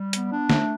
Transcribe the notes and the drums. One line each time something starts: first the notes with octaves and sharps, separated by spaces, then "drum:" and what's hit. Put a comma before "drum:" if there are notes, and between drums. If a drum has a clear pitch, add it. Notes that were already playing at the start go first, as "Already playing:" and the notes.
Already playing: G3
B3, drum: hi-hat
D4
A3, drum: snare